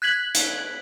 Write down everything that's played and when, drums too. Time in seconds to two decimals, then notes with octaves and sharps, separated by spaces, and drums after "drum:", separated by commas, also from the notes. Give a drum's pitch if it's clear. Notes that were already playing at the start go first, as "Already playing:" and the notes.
0.02 F#6 G#6 B6 F#7
0.35 drum: hi-hat